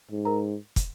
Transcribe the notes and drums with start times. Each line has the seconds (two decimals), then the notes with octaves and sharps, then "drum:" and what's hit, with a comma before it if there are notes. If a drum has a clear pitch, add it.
0.11 G#2
0.25 A#4 A#5
0.76 drum: kick, hi-hat